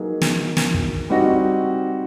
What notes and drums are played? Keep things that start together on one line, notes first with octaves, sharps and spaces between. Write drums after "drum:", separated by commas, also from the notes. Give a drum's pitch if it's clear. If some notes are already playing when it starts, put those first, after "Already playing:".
Already playing: F#3 A#3 D#4 G#4 B4
drum: snare
drum: snare
drum: kick
G3 C4 D#4 F#4